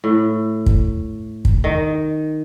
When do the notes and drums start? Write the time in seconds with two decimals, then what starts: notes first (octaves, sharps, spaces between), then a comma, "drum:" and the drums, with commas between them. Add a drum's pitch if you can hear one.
0.04 A2
0.66 drum: kick
1.45 drum: kick
1.64 D#3